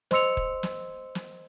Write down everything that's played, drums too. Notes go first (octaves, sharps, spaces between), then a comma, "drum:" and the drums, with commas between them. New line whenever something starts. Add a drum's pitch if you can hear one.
C5 D#5 C6 E6 C#7 F7, drum: snare
drum: kick D#1
drum: snare
drum: snare